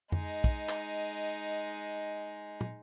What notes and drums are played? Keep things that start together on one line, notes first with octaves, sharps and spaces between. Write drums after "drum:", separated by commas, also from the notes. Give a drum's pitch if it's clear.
G#3 D#4, drum: tom F2
drum: kick
drum: clap
drum: tom